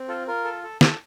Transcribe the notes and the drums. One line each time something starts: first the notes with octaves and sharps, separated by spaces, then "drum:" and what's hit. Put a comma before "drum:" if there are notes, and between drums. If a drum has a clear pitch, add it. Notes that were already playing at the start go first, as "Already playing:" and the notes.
Already playing: C4
F4 A4
F4 A#4
A4
A4
A4, drum: snare